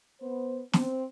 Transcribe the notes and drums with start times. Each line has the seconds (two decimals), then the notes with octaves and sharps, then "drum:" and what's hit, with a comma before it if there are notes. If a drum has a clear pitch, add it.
0.22 B3 C5
0.73 C4, drum: snare